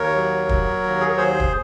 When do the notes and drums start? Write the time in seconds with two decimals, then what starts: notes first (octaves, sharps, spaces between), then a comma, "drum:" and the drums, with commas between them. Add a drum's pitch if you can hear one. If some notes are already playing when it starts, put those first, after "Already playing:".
Already playing: D#2 A#4 C#5
0.16 F#3
0.49 F#3, drum: kick
0.84 D#2
1.01 G#4
1.09 A#4
1.17 D#2 G#4 C5
1.40 drum: kick